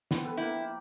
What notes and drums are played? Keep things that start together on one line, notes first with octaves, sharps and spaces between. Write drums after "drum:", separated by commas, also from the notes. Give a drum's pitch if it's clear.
F3 G3 B3, drum: snare
A4 B4
A#3 E4 G5